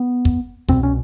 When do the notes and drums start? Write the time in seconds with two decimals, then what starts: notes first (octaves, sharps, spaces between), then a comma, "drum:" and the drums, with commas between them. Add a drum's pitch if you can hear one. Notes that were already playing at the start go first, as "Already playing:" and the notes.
Already playing: B3
0.25 drum: kick
0.69 C2 B2 C4, drum: kick
0.83 C#4